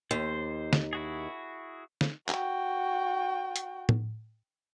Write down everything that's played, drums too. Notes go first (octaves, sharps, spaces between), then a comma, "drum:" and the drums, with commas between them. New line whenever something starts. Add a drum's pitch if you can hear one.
D#2 C5
drum: snare
E4 F#4 G#4
drum: snare
F#4 G5, drum: clap
drum: hi-hat
drum: tom A2